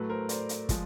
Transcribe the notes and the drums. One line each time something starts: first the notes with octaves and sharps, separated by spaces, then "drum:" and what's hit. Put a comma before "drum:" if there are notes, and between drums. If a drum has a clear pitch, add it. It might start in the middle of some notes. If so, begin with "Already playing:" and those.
Already playing: A2 F#3 A3 A4 B4
A#4 C5
C5 D5, drum: hi-hat
drum: hi-hat
F3 G#3, drum: kick, hi-hat